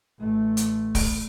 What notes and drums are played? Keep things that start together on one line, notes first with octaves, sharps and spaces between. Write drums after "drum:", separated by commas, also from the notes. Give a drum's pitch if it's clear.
A1 A3
drum: hi-hat
drum: kick, open hi-hat